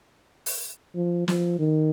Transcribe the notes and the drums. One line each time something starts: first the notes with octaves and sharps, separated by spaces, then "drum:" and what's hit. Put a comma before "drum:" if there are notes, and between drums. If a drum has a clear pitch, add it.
drum: open hi-hat
F3
F3, drum: snare
D#3